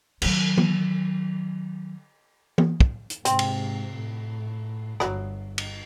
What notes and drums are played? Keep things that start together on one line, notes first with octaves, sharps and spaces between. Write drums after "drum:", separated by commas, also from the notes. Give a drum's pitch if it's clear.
D#3 F#3, drum: cymbal
drum: tom E3
drum: tom E3
drum: kick
drum: hi-hat
G#2 C3 C4, drum: hi-hat
drum: cymbal
A2
G1 F#3 B5, drum: rim click
drum: cymbal